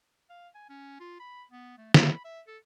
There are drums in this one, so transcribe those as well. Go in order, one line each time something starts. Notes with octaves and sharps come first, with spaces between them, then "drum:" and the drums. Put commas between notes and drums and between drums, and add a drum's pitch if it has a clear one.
F5
G#5
C#4
F4
B5
B3
A3
B5, drum: snare
E5
A4